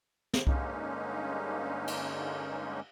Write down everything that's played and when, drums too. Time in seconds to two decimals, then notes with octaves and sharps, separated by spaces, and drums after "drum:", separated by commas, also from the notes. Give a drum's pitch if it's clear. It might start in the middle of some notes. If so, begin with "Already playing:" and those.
0.33 drum: snare
0.47 G2 D3 G#3 A#3 C#4 D#4, drum: kick C2
1.87 drum: cymbal